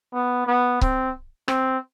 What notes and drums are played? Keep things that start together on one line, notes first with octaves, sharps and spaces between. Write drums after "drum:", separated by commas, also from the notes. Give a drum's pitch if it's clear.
B3
B3
C4, drum: kick C#1
C4, drum: rim click